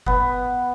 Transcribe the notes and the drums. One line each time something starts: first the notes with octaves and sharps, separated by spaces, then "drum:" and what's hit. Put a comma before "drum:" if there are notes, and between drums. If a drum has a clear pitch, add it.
B3, drum: kick G1